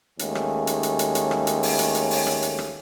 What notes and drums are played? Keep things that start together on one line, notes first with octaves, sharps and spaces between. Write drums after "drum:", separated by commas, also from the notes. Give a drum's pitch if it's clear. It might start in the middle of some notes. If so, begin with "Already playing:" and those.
D#2 G#3 A3 C#4, drum: hi-hat
drum: rim click
drum: hi-hat
drum: hi-hat
drum: hi-hat
drum: hi-hat
drum: rim click
drum: hi-hat
drum: open hi-hat
drum: hi-hat
drum: hi-hat
drum: open hi-hat
drum: rim click
drum: hi-hat
drum: rim click